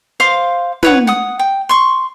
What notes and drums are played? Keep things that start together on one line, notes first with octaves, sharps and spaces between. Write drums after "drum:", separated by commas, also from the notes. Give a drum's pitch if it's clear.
C5 F5 D6
B4 C#5 F#5, drum: tom
F#5 D#6
G5
C6 C#6